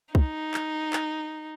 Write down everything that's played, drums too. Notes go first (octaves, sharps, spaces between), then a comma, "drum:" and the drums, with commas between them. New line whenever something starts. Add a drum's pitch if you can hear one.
D#4, drum: kick
drum: clap
drum: clap